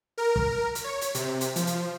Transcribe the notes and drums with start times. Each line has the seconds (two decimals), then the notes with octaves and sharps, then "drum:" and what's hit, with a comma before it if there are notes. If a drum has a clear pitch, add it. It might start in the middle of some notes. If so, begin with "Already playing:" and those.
0.18 A#4
0.36 drum: kick
0.75 drum: hi-hat
0.84 C#5
1.01 drum: hi-hat
1.14 C3, drum: hi-hat
1.41 drum: hi-hat
1.56 F3, drum: hi-hat
1.67 drum: hi-hat